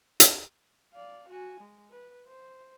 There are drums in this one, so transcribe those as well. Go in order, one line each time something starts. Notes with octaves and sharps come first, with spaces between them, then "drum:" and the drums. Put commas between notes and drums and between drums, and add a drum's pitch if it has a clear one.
drum: hi-hat
D5 F5
F#4 G#5
G#3
B4
C5